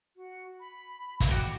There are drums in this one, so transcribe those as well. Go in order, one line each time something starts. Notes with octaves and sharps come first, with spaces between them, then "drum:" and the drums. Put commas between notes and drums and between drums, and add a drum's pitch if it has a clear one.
F#4
B5
drum: kick, hi-hat
F#4 G5 D6